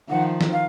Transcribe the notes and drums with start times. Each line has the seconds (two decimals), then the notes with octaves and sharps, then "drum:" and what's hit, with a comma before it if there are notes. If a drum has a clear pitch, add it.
0.09 D#3 F3 F#5
0.41 drum: snare
0.52 F5